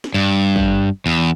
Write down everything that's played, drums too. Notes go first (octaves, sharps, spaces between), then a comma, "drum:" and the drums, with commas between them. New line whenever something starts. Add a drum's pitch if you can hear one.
drum: snare
G2
drum: kick
E2